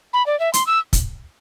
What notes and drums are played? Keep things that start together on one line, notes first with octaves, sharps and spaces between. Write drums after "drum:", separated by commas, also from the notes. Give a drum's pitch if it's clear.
B5
D5
E5
C6, drum: hi-hat
E6
drum: kick, hi-hat